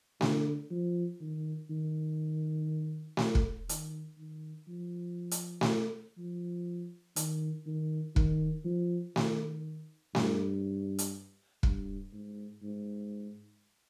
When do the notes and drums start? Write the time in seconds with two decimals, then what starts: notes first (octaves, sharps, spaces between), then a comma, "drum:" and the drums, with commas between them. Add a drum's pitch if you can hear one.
0.21 D3, drum: snare A3
0.71 F3
1.21 D#3
1.70 D#3
3.17 drum: snare A3
3.35 drum: kick
3.69 D#3, drum: hi-hat
4.19 D#3
4.68 F3
5.31 drum: hi-hat
5.61 drum: snare A3
6.18 F3
7.16 D#3, drum: hi-hat
7.67 D#3
8.16 D#3, drum: kick
8.65 F3
9.16 D#3, drum: snare A3
10.15 G2, drum: snare A3
10.98 drum: hi-hat
11.63 G2, drum: kick
12.13 G#2
12.63 G#2